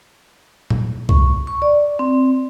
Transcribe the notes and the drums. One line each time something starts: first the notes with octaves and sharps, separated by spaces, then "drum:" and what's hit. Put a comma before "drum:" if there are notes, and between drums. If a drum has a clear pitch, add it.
drum: tom A#2
C#6, drum: kick C2
C#6
D5
C4